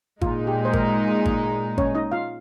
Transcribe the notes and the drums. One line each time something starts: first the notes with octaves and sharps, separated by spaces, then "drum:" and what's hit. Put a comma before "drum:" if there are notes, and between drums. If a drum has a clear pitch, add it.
A#2 G#3 D#4 F4, drum: kick G#1
G4
C5
A#4, drum: kick G#1
drum: kick G#1
C#4 C#5, drum: kick G#1
D#4 D#5
F4 F5